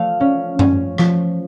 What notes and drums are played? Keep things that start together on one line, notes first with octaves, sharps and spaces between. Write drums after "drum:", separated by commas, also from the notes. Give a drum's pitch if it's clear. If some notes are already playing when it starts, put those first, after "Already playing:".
Already playing: F3 A3 F5
C#4
C#4, drum: tom F#2
F3, drum: rim click